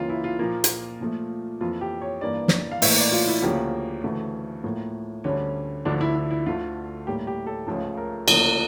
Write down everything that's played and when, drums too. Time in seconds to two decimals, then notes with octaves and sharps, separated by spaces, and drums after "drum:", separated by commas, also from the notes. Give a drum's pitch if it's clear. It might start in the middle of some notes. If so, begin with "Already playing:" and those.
Already playing: C#2 C#3 E3 A#3 F4
0.09 E4
0.24 F4
0.39 A#2 F3 A#3
0.64 drum: hi-hat
1.00 A#2 F3 A3
1.61 F2 E3 A#3 F4
1.81 G4
2.02 C#5
2.21 G2 E3 A#3 D5
2.48 drum: snare
2.72 F5
2.82 A2 E3 A#3 E5, drum: open hi-hat
2.97 D5
3.12 F4
3.27 E4
3.42 D2 C#3 F3 A#3 G4
4.03 D2 C#3 E3 A3
4.64 A2 F3 A#3
5.24 D2 D3 G3 C#4
5.85 D2 D3 F3 D4
6.01 E4
6.15 E4
6.31 E4
6.46 D2 D3 A3 F4
7.07 A2 G3 A#3 G4
7.27 G4
7.47 A4
7.67 C#2 C#3 F3 A3 A4
7.97 A#4
8.28 D2 C#3 F3 A#3, drum: cymbal